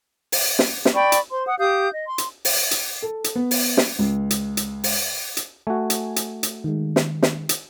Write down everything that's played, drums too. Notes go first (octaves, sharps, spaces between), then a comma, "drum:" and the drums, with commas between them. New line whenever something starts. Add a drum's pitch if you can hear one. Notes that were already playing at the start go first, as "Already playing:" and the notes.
drum: open hi-hat
drum: snare
drum: snare
D5 G5 B5 C#6
drum: hi-hat
C5 C6
F#5 D#6
G4 F5 D#6 G6
D#5
C6
drum: hi-hat
drum: open hi-hat
drum: hi-hat
A4
drum: hi-hat
B3
drum: open hi-hat
drum: snare
C#2
drum: hi-hat
drum: hi-hat
drum: open hi-hat
drum: hi-hat
A3 F#4 G#5
drum: hi-hat
drum: hi-hat
drum: hi-hat
D#3 G#3
drum: snare
drum: snare
drum: hi-hat